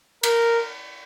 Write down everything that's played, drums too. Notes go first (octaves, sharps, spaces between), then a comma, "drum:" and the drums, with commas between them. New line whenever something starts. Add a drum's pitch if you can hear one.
A#4, drum: cymbal